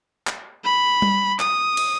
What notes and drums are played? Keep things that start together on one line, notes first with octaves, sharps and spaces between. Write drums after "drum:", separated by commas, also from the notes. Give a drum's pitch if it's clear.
drum: clap
B5
drum: tom G3
D#6, drum: clap
drum: cymbal